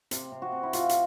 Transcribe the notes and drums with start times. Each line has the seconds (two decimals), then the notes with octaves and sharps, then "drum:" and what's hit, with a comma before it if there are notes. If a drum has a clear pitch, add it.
0.11 C3, drum: hi-hat
0.32 C3
0.42 F#4
0.52 C3
0.63 E4
0.73 C3 F4, drum: hi-hat
0.89 drum: hi-hat